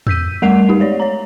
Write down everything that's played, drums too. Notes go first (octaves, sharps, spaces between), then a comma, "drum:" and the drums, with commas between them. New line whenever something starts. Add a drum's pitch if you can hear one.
E6 G6 B6 D#7, drum: tom E2
G3 A3 A#4 F#5 C7 F7
D#4 G4
G#3 C#5 D5
C#5 A#5